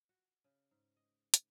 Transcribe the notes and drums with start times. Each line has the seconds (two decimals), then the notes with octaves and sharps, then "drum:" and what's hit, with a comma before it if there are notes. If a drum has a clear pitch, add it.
0.09 F#4
0.44 C#3
0.71 G#2
0.96 D#5
1.34 drum: hi-hat